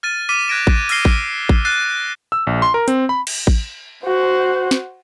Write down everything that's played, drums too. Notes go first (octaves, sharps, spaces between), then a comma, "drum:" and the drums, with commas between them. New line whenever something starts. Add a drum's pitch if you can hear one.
F6 A6 D#7
D6 F6 B6 D#7 G7
F#6 G#6 A#6 D7 E7
drum: kick A1
E6 F6 A#6 C7 G7, drum: open hi-hat
drum: kick A1
drum: kick A1
F6 F#6 A6 C7 D#7
E6
A#1
C6
A#4
C4, drum: hi-hat
B5
drum: cymbal
drum: kick A1
F#4 C5
drum: snare